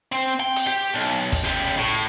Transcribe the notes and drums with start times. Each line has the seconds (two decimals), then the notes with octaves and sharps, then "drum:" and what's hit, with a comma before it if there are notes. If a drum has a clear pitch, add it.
0.12 C4
0.40 G5
0.56 drum: hi-hat
0.67 G4
0.94 B1
1.32 drum: kick, hi-hat
1.44 C#3 G4
1.78 A2